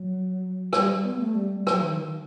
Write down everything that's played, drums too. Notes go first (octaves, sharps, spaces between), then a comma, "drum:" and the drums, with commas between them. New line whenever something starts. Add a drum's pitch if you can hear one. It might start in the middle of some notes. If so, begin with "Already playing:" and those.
Already playing: F#3
G3, drum: rim click
B3
A3
G3
F#3, drum: rim click
D#3
D#3